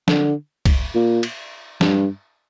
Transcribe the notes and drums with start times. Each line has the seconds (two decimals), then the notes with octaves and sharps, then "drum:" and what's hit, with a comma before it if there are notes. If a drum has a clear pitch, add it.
0.08 D3, drum: snare
0.66 drum: kick C2, cymbal
0.95 A#2
1.23 drum: cymbal
1.81 G2, drum: snare